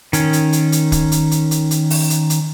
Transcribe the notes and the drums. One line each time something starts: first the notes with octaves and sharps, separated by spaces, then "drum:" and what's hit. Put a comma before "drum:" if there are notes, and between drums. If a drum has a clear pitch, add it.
D#3 C#4, drum: hi-hat
drum: hi-hat
drum: hi-hat
drum: hi-hat
drum: kick, hi-hat
drum: hi-hat
drum: hi-hat
drum: hi-hat
drum: hi-hat
drum: open hi-hat
drum: hi-hat
drum: hi-hat